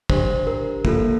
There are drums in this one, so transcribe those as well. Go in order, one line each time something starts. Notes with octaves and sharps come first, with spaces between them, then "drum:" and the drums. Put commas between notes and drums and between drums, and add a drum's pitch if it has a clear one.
D4 G4 C5, drum: kick
A#4
A#3 F4 A4, drum: kick